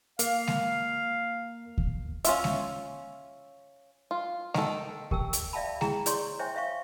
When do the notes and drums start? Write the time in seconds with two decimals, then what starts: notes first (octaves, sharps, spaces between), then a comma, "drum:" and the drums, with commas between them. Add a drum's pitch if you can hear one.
0.19 A#3 F5, drum: hi-hat
0.47 drum: snare G#3
1.78 drum: kick D2
2.25 C#4 F4 E5, drum: hi-hat
2.44 drum: snare G#3
4.11 F4
4.54 D#3 A4, drum: snare G#3
5.11 G4 A#4 G5 A5 E6, drum: kick D2
5.33 drum: hi-hat
5.53 D5 E5 F5 G5 A5 B5
5.81 E4 G#4 G5 A#5, drum: snare G#3
6.06 E4 G#4 C#5 D5 C6 C#6, drum: hi-hat
6.39 C5 C#5 E5 G5 G#5 C#6
6.54 C5 E5 F5 C#6